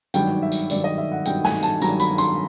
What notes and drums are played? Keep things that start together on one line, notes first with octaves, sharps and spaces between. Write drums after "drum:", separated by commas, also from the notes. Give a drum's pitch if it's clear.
G#1 G2 D#3 F#3 G5, drum: tambourine
E5
drum: tambourine
G#1 G2 D#3 F#3 D5, drum: tambourine
D#5
E5
F#5
G#1 G2 D#3 F#3 G5, drum: tambourine
G#5, drum: snare
A5, drum: tambourine
G#1 G2 D#3 F#3 A#5, drum: tambourine
B5, drum: tambourine
C6, drum: tambourine